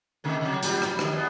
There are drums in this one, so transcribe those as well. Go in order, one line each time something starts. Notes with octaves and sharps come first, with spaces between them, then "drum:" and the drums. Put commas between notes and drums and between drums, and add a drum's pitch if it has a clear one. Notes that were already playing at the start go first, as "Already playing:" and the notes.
C3 D#3 A3
C3 F#3
A2 F#3 G3, drum: hi-hat
drum: rim click
A2 D#3, drum: rim click
E2 B3